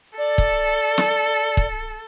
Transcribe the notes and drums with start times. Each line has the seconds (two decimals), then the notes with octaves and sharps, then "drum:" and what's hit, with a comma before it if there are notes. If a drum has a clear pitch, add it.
0.18 A4 D5
0.38 drum: kick
0.98 drum: snare
1.57 drum: kick